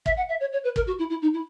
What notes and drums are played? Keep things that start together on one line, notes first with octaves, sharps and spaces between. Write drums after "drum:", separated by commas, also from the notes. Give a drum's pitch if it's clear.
E5, drum: kick
F#5
E5
C#5
C#5
B4
A#4, drum: kick
F#4
E4
E4
D#4
E4